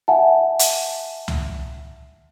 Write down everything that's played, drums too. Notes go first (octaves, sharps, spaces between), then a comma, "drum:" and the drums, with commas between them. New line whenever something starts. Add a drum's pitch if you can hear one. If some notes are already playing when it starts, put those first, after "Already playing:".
E5 F#5 G#5 A5
drum: hi-hat
drum: tom